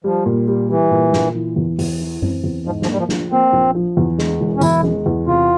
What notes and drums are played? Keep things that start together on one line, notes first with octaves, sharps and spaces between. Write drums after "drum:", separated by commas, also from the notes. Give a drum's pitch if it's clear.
F3 G3
A#2
G3
E3 G3
A#2
A#2, drum: snare
E3
E2
E2, drum: open hi-hat
E3
C4, drum: tom F#2
E2
G#2 F3
F3, drum: snare
G3 A#3
F3
F3, drum: snare
A#3 C4
A#1
F3
E2
G#3, drum: snare
E1
C#4
E2 E4, drum: tambourine
G#3, drum: tom E3
E2
C3 F4